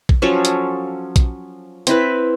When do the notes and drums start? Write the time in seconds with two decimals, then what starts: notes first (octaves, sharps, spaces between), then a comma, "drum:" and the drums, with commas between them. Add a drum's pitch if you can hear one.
0.09 drum: kick
0.22 F3 F#3 C#4 A4
0.45 drum: hi-hat
1.16 drum: kick, hi-hat
1.87 C4 E4 B4, drum: hi-hat